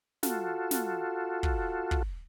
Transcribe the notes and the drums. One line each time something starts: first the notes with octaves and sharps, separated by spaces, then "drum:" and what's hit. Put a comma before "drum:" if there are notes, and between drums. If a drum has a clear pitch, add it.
F4 F#4 A4, drum: snare
drum: snare
drum: kick
drum: kick